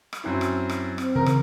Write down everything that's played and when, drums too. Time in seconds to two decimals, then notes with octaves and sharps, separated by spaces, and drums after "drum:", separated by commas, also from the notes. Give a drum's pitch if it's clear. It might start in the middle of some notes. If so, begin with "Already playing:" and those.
0.13 drum: rim click
0.24 F#2 C4 E4
0.41 drum: rim click
0.69 drum: rim click
0.98 C4, drum: rim click
1.15 C#3 E3 A#4 A#5
1.26 drum: rim click